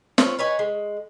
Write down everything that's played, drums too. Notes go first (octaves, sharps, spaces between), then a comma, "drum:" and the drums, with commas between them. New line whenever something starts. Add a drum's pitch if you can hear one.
C4 F4 B4 C#5, drum: snare
B4 C#5 D#5 G#5
G#3